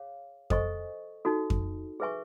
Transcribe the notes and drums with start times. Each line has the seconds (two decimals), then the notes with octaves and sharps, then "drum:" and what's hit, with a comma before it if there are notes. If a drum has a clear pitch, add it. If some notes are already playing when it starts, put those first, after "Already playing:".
Already playing: G#4 C#5 F5
0.50 A4 C5 D#5 G#5 C#6, drum: kick F2
1.25 D#4 F#4 A4
1.50 drum: kick F2
2.00 G#4 B4 E5 G#5 C#6